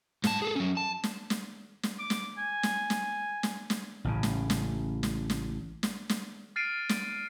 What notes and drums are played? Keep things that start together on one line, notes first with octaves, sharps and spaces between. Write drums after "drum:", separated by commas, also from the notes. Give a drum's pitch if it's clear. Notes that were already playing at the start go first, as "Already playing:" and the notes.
G#2 A5, drum: snare
G#4 A4
F#3 C#4
A5
drum: snare
drum: snare
drum: snare
D6
drum: snare
G#5
drum: snare
drum: snare
drum: snare
drum: snare
A1 A2 C#3
drum: snare
drum: snare
drum: snare
drum: snare
drum: snare
drum: snare
F6 A6 C7 D7 D#7
drum: snare